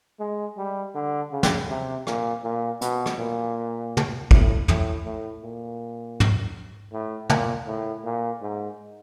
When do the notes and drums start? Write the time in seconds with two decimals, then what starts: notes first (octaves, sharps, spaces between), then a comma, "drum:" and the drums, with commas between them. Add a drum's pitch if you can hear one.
0.20 G#3
0.58 G3
0.95 D3
1.32 C#3
1.43 drum: snare
1.70 C3
2.07 A#2, drum: rim click
2.44 A#2
2.81 B2, drum: hi-hat
3.06 drum: rim click
3.18 A#2
3.97 drum: tom
4.31 A2, drum: kick
4.68 A2, drum: tom
5.05 A2
5.43 A#2
6.20 drum: tom
6.93 A2
7.30 A#2, drum: tom
7.67 A2
8.05 A#2
8.42 G#2